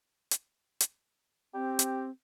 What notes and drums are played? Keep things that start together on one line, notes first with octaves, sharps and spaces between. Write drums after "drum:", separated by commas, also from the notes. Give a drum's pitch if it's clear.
drum: hi-hat
drum: hi-hat
C4 G4
drum: hi-hat